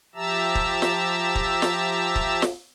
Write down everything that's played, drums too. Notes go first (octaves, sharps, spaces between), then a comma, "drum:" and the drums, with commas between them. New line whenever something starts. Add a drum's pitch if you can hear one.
F3 G4 E5 A5 A#5 E6
drum: kick
drum: snare
drum: kick
drum: snare
drum: kick
drum: snare